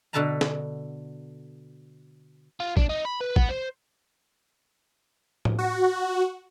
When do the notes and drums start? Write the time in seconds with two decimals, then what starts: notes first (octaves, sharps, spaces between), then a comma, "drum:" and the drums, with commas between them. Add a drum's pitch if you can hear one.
0.13 B2 D3 A4 B4 A5 A#5
0.41 drum: snare
2.60 F4
2.77 D4, drum: kick
2.89 D#4
3.05 B5
3.21 B4
3.36 B3, drum: kick
3.50 C5
5.45 drum: tom A2
5.59 F#4